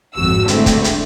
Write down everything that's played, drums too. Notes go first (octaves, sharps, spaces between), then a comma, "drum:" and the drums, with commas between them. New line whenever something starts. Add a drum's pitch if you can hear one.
G#1 F2 F#4 E6
D3 G#3 A3 C4 E4, drum: hi-hat
drum: kick, hi-hat
drum: hi-hat